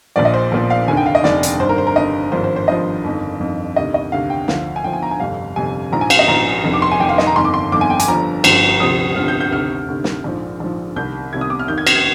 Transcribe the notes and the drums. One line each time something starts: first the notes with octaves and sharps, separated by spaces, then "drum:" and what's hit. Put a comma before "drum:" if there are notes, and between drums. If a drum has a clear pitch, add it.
A#1 A#2 F3 D5
D#5
C5
A#1 A#2 F3
F5
F1 D#2 D3 G#5
G5
F5
D#5
F1 D#2 D3 D5, drum: snare
drum: hi-hat
G1 G2 D#3 C5
A#4
C5
A#4
G1 G2 D#3 D#5
G#1 G2 F3 C5
C5
C5
G#1 G2 F3 D#5
G1 F2 D#3
G1 F2 D#3
D2 C3 D#3 D#5
D#5
D2 C3 D#3 F5
G5
D2 D3 F3 F5, drum: snare
G#5
D2 D3 F3 G5
G#5
A#5
G#5
G1 F2 C3 F5
G1 F2 C3 G#5
A#1 G#2 F3 A#5
G#5
F5, drum: cymbal
D#5
A#1 G#2 F3 A#5
F1 F2 D#3
D6
C6
G#5
F1 F2 D#3 G5
F5
D#5, drum: snare
A#5
G1 F2 D#3 C6
D6
C6
G1 F2 D#3 D6
G#5
G5
G#5, drum: hi-hat
G1 G2 F3 A#5
G1 G2 F3, drum: cymbal
D2 C3 F3 D#6
D2 C3 F3 F6
G6
G6
D2 C3 D#3 F6
D2 C3 D#3
drum: snare
A#1 G#2 F3
A#1 G#2 F3
C2 C3 D#3 G6
C2 C3 D#3 G#6
D#6
D6
F6
F1 D#2 D#3 G6
G#6
A#6, drum: cymbal
G#6